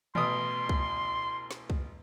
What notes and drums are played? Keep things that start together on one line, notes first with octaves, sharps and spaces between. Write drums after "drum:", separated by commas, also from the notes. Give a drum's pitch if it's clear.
A1 B2 C6 D#6, drum: tom D#3
drum: kick C2
drum: snare
drum: kick C2